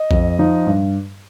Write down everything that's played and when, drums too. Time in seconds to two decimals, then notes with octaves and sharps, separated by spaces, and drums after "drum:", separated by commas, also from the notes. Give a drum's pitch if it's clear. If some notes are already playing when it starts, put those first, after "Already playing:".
Already playing: D#5
0.11 F2, drum: kick A#1
0.39 F3 D#4
0.67 G2